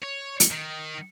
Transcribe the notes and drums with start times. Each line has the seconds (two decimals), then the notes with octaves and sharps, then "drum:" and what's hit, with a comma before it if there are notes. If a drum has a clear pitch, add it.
0.03 C#5
0.40 drum: hi-hat
0.51 D#3